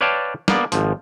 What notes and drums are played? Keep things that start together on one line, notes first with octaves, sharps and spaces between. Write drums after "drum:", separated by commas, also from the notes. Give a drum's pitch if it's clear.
B4 C#5 D5 F5 G5 A5
A#3 B3 D5, drum: snare
G#1 F3, drum: hi-hat